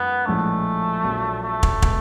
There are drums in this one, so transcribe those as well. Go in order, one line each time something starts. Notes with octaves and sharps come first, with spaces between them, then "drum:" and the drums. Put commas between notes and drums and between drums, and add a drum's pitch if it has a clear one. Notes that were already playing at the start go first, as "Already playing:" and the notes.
Already playing: F#2 D#3 G#3 B3
A#1 A2 F3 G#3 A3 C#4
A#1 A#2 F#3
A3
drum: kick
B2 G#3, drum: kick